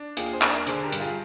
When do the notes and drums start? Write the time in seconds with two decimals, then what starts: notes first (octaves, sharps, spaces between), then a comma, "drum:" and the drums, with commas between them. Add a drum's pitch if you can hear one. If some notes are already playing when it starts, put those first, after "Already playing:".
Already playing: D4
0.17 D#2 F4 G#4, drum: hi-hat
0.33 G#4 C5
0.42 D4, drum: clap
0.50 A#4 D5
0.67 D3 G#4 C5, drum: hi-hat
0.84 G4 A#4
0.92 G2, drum: hi-hat
1.00 F4 G#4